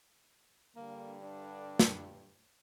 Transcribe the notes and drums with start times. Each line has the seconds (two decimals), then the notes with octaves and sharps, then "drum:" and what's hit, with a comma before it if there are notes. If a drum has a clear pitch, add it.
0.76 G2 D3 A#3
1.20 D4
1.79 drum: snare